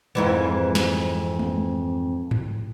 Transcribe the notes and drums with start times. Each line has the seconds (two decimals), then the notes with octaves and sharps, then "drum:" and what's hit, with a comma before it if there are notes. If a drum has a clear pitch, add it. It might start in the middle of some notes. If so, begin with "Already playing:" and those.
0.15 F2 G#2 E3
0.75 drum: snare
1.39 drum: tom
2.31 drum: tom G#2